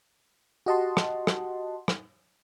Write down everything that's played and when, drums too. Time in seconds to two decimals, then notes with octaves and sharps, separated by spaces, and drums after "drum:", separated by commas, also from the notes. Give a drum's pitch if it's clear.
0.66 F#4 G4 D#5 F#5 A5 C6
0.97 drum: rim click
1.27 drum: rim click
1.88 drum: rim click